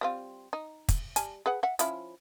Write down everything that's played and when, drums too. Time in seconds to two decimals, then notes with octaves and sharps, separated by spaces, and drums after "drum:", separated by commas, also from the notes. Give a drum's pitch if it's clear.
0.01 G3 C4 F4
0.53 D#4
0.89 drum: kick, hi-hat
1.16 G3 G#5 A5, drum: hi-hat
1.46 G#4 B4 F#5
1.63 E5 F#5
1.79 F3 C#4 E4, drum: hi-hat